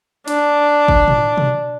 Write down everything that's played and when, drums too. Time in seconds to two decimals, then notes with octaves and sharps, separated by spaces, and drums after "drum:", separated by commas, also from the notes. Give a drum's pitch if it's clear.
0.28 D4, drum: hi-hat
0.88 drum: kick
1.08 drum: tom A2
1.37 drum: tom B2